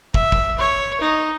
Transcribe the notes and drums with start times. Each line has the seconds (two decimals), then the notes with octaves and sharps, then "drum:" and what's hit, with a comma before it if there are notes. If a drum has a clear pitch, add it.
0.14 E5, drum: kick
0.32 drum: kick
0.59 C#5
1.01 D#4